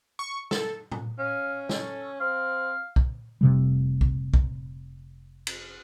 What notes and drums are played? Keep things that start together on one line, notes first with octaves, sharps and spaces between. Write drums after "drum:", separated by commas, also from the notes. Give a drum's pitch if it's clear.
C#6
A4, drum: snare
drum: tom A2
C#4 F5
A4, drum: snare
C4 F5
drum: kick
F1 C3 G3
drum: kick
drum: kick
drum: cymbal